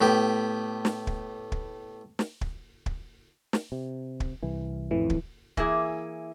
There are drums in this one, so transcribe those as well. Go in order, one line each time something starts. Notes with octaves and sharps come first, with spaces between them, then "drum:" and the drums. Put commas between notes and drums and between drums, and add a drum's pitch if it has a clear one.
A2 B3 G4
drum: snare
drum: kick
drum: kick
drum: snare
drum: kick
drum: kick
drum: snare
C3
drum: kick
C2 E3
A1 F2 A2 E3
drum: kick
E3 A#3 E4 G#4, drum: kick